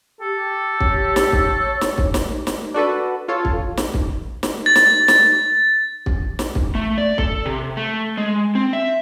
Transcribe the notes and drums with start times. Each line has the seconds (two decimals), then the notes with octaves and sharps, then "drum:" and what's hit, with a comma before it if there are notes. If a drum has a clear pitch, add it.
0.21 G4 A4
0.80 C#5, drum: kick
1.16 drum: snare
1.32 drum: kick
1.81 drum: snare
1.98 drum: kick
2.14 drum: snare
2.47 drum: snare
2.74 D4 F#4 A4 B4
3.28 F4 A4 C#5
3.45 drum: kick
3.77 drum: snare
3.94 drum: kick
4.43 drum: snare
4.66 A6
4.75 drum: snare
5.08 drum: snare
6.06 drum: kick
6.39 drum: snare
6.55 drum: kick
6.75 A3
6.98 D5
7.18 A4, drum: kick
7.46 C3
7.77 A3
8.17 G#3
8.55 C4
8.73 E5